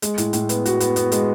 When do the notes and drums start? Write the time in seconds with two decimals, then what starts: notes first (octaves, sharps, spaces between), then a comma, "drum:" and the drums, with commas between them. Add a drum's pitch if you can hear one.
0.02 G#3, drum: hi-hat
0.18 A2, drum: hi-hat
0.33 A2, drum: hi-hat
0.49 B3, drum: hi-hat
0.65 F#4, drum: hi-hat
0.80 B3, drum: hi-hat
0.96 B3, drum: hi-hat
1.12 G#3, drum: hi-hat